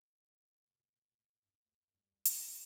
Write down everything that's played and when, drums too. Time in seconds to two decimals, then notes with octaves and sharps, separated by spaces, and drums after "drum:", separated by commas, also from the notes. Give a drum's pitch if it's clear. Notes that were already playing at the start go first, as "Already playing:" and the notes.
Already playing: A3
0.67 C3
0.72 A#2
0.96 A#2
1.19 A2
1.42 G2
1.65 F2 A3
1.88 G2
1.95 F2 G3
2.02 G2
2.11 F2
2.25 F3, drum: hi-hat
2.34 G2